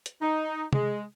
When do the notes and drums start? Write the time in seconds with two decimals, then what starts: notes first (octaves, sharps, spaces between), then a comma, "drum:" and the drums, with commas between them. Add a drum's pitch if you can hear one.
0.06 drum: hi-hat
0.21 D#4
0.73 G#3, drum: tom C3